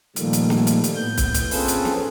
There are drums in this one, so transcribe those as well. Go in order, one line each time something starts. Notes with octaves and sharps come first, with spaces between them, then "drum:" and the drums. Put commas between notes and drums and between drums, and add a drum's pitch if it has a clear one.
A#2 D#3 F3 G3 A3 A#3, drum: hi-hat
drum: hi-hat
drum: snare
drum: hi-hat
drum: hi-hat
A2 B3 G6
drum: kick, hi-hat
drum: hi-hat
C4 C#4 F4 G#4 A4 B4, drum: open hi-hat
drum: hi-hat
drum: snare